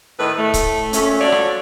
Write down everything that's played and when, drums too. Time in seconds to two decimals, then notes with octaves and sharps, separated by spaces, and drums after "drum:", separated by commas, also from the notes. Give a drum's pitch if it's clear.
0.19 A2 D#3 A4 B4
0.38 A2 A3
0.54 drum: kick C#1, hi-hat
0.93 A#2 A3 C#4, drum: hi-hat
1.21 F4 F#4 A4 C#5 D5
1.32 drum: rim click